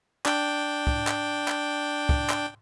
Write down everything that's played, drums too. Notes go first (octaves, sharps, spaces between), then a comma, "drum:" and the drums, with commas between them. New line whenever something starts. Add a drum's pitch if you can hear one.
D4 G5, drum: clap
drum: kick
drum: clap
drum: clap
drum: kick
drum: clap